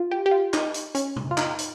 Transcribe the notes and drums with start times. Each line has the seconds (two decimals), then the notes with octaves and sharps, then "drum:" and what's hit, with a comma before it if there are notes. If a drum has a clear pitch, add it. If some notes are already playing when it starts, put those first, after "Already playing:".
Already playing: F4
0.11 G4
0.26 G4
0.31 F4
0.54 D#4, drum: clap
0.74 drum: hi-hat
0.95 C#4, drum: hi-hat
1.16 drum: tom A#2
1.31 F4
1.38 D#4, drum: clap
1.59 drum: hi-hat